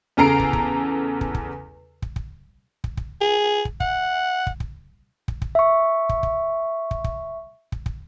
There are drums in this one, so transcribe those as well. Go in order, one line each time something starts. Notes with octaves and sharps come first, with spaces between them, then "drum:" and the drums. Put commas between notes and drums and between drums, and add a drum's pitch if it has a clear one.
E2 C#3 A4 A#5 C7 D7
drum: kick
drum: kick
drum: kick
drum: kick
drum: kick
drum: kick
drum: kick
drum: kick
G#4
drum: kick
F#5, drum: kick
drum: kick
drum: kick
drum: kick
drum: kick
E5 C#6
drum: kick
drum: kick
drum: kick
drum: kick
drum: kick
drum: kick